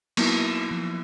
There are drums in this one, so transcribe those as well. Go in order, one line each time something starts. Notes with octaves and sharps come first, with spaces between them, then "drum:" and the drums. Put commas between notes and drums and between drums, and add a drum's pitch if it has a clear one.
F#3 A#3 B3 D#4 E4, drum: cymbal
F3